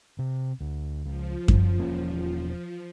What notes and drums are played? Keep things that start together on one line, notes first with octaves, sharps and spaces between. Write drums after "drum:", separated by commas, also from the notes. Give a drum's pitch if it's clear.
C3
D2
C#2 F3
F#2, drum: kick F#2
E1 A#3 C#4